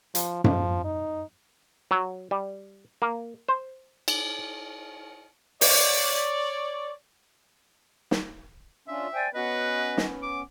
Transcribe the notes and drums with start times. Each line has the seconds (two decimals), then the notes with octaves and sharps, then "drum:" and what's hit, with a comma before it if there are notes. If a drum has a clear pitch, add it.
0.15 F3, drum: hi-hat
0.44 F3, drum: tom F#2
0.84 D#4
1.91 F#3
2.31 G3
3.02 A#3
3.49 C5
4.08 drum: cymbal
5.61 C#5 D5, drum: open hi-hat
8.11 drum: snare
8.88 C#4 D4 F4 E5
9.14 C5 D5 G5 G#5
9.34 B3 C#4 F#4 B4 D#5
9.97 drum: snare
10.23 D6